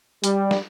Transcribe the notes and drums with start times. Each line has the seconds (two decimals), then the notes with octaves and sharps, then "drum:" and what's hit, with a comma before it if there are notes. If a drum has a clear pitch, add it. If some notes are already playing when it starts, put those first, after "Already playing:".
0.24 G3, drum: hi-hat
0.51 drum: snare